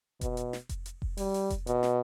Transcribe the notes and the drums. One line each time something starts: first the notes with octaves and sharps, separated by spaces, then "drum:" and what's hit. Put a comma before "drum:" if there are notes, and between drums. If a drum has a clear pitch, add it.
B2, drum: kick F1, hi-hat
drum: hi-hat
drum: snare
drum: kick F1, hi-hat
drum: hi-hat
drum: kick F1
G3, drum: open hi-hat
drum: open hi-hat
drum: kick F1, hi-hat
B2, drum: hi-hat
drum: snare